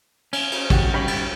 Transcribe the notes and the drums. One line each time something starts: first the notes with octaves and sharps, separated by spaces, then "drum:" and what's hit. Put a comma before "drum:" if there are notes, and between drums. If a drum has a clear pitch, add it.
C#4, drum: cymbal
drum: cymbal
F#4 G4 F#5, drum: kick, cymbal
G3 C#4 D#4 C#5 G5 B5
drum: cymbal